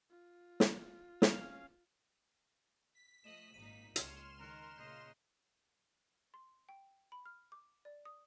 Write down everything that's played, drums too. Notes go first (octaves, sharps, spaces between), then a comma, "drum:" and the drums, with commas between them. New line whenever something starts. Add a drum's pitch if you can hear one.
F4
drum: snare
C#4 F5, drum: snare
B6
F3 A3 D#5 E7 F#7
G#1 A#2 D#4 D#7
C#2 C#5 C6 F6 E7, drum: hi-hat
D#3 A#4 A#5 F#6 C#7
A#2 C#3 D#5 G6 C7
C6
G5
B5
F6
D6
D5
D#6